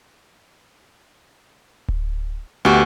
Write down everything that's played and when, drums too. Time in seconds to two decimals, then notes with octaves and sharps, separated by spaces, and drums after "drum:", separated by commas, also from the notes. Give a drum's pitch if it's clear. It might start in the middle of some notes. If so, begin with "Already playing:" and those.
1.88 drum: kick D1
2.65 D2 B3 F#4 G4